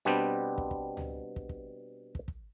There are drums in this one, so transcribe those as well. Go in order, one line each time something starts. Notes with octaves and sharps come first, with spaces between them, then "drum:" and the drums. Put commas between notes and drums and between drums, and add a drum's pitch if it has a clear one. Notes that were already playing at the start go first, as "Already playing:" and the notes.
B2 G3 B3 C4 D4 G4
drum: kick
drum: kick
drum: tom C#2
drum: kick
drum: kick
drum: kick
drum: kick